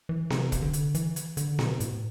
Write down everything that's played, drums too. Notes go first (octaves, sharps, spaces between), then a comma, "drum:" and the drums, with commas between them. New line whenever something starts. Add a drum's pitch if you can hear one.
E3
C3, drum: snare B3
drum: kick, hi-hat
D3
drum: hi-hat
E3, drum: hi-hat
drum: hi-hat
D3, drum: hi-hat
B2, drum: snare B3
A2, drum: hi-hat